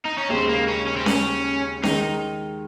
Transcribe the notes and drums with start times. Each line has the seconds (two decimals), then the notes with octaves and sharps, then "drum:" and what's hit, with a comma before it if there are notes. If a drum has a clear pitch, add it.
0.05 D#4
0.18 C#4
0.30 D#2 C#3 G#3 C4
0.49 A#3
0.68 C#4
0.87 C#4
0.96 C4
1.06 C#4, drum: snare C#4
1.83 D#3 G#3 D#4, drum: snare C#4